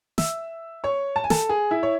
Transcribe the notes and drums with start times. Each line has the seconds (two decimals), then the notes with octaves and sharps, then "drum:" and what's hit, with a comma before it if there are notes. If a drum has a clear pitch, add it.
0.18 E5 E6, drum: snare
0.84 C#5 C#6
1.16 A5
1.24 G#5
1.30 A4 A5, drum: snare
1.49 G#4 G#5
1.71 E4 E5
1.83 C#5